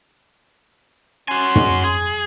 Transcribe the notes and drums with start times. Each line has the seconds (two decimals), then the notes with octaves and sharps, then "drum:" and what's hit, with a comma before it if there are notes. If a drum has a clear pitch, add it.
1.28 C#4 F#4 G#5 C6
1.56 drum: tom
1.84 G#4